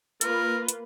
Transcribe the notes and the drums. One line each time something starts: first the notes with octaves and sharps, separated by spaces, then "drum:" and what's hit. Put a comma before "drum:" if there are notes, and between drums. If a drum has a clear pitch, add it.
A#3 F4 A#4 B4, drum: hi-hat
drum: hi-hat